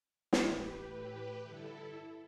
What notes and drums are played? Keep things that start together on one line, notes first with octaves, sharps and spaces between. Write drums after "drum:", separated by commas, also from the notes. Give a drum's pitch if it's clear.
A2 E3 G4 B4, drum: snare
A2 E3 G4 B4
G2 D3 E4 A4